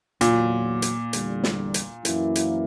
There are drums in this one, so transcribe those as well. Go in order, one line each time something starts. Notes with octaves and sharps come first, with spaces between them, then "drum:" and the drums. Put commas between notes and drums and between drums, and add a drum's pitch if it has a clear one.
E2 A#2 D3 F#3, drum: hi-hat
drum: hi-hat
E2 D3 G3, drum: hi-hat
drum: snare
drum: hi-hat
F#2 E3 A#3 E4, drum: hi-hat
drum: hi-hat